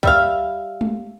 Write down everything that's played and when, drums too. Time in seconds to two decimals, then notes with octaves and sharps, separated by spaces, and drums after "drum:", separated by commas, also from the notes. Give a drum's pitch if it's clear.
0.03 G3 E5 F5, drum: kick C2
0.81 drum: tom G#3